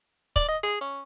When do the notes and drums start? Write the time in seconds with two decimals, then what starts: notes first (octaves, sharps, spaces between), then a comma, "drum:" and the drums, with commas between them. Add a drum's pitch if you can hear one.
0.36 D5, drum: kick
0.48 D#5
0.63 G#4
0.81 C#4